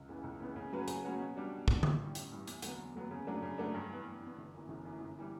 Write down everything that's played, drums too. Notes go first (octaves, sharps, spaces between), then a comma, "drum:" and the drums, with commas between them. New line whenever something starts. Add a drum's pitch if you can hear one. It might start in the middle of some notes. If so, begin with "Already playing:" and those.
Already playing: C#2
C#3 E3 B3
C#2
C#3 E3 B3
C#3
F#3 C#4 F#4 B4
C#3, drum: hi-hat
F#3 C#4 F#4 B4
B2
G3 D4 F#4
B2
G3 D4 F#4, drum: kick
A1, drum: tom D3
G2 E3 G3
A1, drum: hi-hat
G2 E3 G3
E2, drum: hi-hat
D3 F#3 B3, drum: hi-hat
E2
D3 F#3 B3
C#3
F#3 A3 D4
C#3
F#3 A3 D4
G2
E3 B3
G2
E3 B3
G1
F#2 E3
G1
F#2 E3
G1
E3 G3